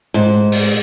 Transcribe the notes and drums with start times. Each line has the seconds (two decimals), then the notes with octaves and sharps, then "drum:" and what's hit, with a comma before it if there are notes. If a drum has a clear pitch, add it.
0.14 G#2
0.52 drum: open hi-hat